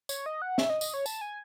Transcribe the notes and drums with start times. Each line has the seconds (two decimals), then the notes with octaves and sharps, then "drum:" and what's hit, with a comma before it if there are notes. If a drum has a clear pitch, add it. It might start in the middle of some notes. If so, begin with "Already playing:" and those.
0.09 C#5, drum: tambourine
0.26 D#5
0.42 F#5
0.58 E5, drum: snare
0.70 D#5
0.81 D#5, drum: tambourine
0.94 C#5
1.06 A5, drum: tambourine
1.21 G#5